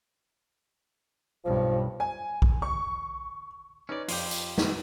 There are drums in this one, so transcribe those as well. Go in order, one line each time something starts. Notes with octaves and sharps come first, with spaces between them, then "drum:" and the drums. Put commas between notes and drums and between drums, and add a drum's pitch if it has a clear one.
B1 G2 F3
G#5
drum: kick A#1
C#6
C#4 D#4 B4 C#5 D5
F2 F4 G4 F5, drum: open hi-hat
drum: tambourine
G#1 F#4 B4, drum: snare